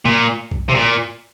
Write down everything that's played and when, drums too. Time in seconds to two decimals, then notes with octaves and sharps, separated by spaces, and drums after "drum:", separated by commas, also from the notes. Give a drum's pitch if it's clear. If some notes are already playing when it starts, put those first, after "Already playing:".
0.05 A#2, drum: tom A#2
0.51 drum: kick
0.69 C3
0.75 A#2